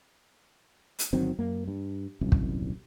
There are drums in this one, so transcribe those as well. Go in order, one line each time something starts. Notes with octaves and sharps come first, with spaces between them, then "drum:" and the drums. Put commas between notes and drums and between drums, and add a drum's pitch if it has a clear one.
drum: hi-hat
G1 D#3 F#3 C4
F#2 A#3
G2
D#1 C2 F#2
drum: kick